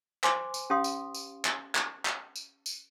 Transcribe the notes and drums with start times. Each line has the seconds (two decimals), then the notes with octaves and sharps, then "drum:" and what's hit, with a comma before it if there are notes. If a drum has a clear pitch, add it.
0.24 C5 G#5 C6 D6, drum: clap
0.54 drum: tambourine
0.70 C#4 G4 F5 C6 D#6
0.84 drum: tambourine
1.15 drum: tambourine
1.45 drum: clap
1.75 drum: clap
2.05 drum: clap
2.36 drum: tambourine
2.66 drum: tambourine